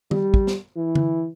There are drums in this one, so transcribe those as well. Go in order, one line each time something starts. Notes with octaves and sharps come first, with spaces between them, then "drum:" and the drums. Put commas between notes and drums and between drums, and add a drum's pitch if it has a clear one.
G3, drum: tom
drum: kick
drum: snare
E3
drum: tom D3